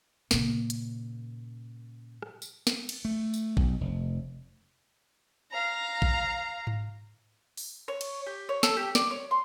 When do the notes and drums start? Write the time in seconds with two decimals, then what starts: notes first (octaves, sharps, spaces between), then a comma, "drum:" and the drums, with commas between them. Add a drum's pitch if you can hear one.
0.31 A#2 C#3, drum: snare
0.70 drum: hi-hat
2.22 drum: rim click
2.42 drum: tambourine
2.67 drum: snare
2.89 drum: cymbal
3.05 A3
3.34 drum: tambourine
3.57 B1, drum: kick A#1
3.81 F1
5.51 F5 A#5
6.02 drum: kick A#1
6.67 drum: tom G#2
7.57 drum: open hi-hat
7.88 C#5
8.01 drum: cymbal
8.26 G4
8.49 C#5
8.63 A4, drum: snare
8.77 G4
8.95 D5, drum: snare
9.11 C#5
9.31 C6